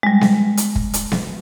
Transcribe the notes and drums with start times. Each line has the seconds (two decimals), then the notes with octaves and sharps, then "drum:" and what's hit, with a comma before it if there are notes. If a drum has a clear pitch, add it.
0.03 G3 G#3
0.21 drum: snare B3
0.57 drum: hi-hat
0.75 drum: kick
0.94 drum: hi-hat
1.12 drum: snare B3